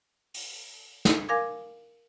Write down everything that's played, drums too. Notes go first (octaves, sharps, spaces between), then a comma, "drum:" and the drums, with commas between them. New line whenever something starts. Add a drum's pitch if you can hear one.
drum: open hi-hat
drum: snare
A#4 F5 G#5 D6 G#6